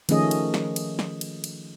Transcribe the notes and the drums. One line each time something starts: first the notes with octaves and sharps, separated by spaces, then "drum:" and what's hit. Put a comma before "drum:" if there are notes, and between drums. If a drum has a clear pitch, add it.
D#3 F3 A3 C#4 G#4 D#5, drum: cymbal
drum: cymbal
drum: snare
drum: cymbal
drum: snare
drum: cymbal
drum: cymbal